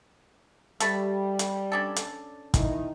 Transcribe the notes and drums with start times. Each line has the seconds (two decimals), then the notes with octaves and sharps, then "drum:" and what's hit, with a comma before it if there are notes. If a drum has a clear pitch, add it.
0.80 G3 A3 A5 B5, drum: hi-hat
1.39 drum: hi-hat
1.72 C#4 D4 A4
1.96 drum: hi-hat
2.54 D#3 D#4 E4, drum: kick, hi-hat